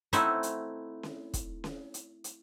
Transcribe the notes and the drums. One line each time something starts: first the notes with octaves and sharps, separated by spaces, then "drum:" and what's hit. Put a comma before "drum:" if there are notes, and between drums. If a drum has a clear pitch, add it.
A3 C4 D#4 E4 E5 F#5, drum: hi-hat
drum: hi-hat
drum: snare C#4
drum: kick, hi-hat
drum: snare C#4
drum: hi-hat
drum: hi-hat